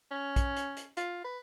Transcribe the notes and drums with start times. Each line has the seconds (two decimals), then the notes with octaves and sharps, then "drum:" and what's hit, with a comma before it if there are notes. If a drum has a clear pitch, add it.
0.11 C#4
0.36 drum: kick, hi-hat
0.57 drum: hi-hat
0.77 drum: hi-hat
0.97 F4, drum: hi-hat
1.24 B4